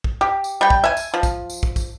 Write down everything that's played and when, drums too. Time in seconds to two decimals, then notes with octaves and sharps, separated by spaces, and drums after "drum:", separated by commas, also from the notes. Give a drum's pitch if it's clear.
0.04 drum: kick
0.21 G4
0.44 drum: tambourine
0.61 G3 G5
0.70 drum: kick
0.84 E5 G#5
0.97 drum: tambourine
1.14 F3
1.23 drum: kick, tambourine
1.50 drum: tambourine
1.63 drum: kick
1.76 drum: kick, tambourine